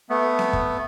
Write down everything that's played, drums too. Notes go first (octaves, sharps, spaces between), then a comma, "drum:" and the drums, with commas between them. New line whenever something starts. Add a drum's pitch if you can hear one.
A3 B3
drum: snare C4
drum: kick